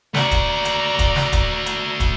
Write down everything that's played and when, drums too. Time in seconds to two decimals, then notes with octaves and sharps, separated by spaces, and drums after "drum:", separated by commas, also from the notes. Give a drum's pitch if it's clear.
0.14 A3 F#4 D5 A#5, drum: snare
0.31 drum: kick, hi-hat
0.65 drum: hi-hat
0.99 drum: kick, hi-hat
1.16 drum: snare
1.33 drum: kick, hi-hat
1.66 drum: hi-hat
2.00 drum: kick, hi-hat